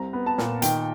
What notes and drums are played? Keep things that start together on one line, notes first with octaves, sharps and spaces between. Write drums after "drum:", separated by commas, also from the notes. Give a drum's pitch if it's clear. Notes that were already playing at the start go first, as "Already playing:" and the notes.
Already playing: C2 C4 A#5
B3
A5
A#2, drum: snare
D#3 G5, drum: hi-hat